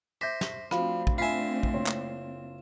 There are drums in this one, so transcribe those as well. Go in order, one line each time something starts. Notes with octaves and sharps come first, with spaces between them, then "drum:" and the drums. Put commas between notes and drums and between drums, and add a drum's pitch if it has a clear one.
C5 E5 D6 G6 A#6 B6
drum: snare
F3 A3 C4 D4 F#4 F5 B5, drum: rim click
drum: kick
F4 E5 G#5 B5 B6 C7
drum: kick
F#1 C#5 C6
drum: clap